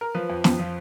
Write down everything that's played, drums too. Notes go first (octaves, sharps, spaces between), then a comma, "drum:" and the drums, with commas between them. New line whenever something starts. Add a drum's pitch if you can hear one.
A#4
F3 B4
F2
F2, drum: snare
F3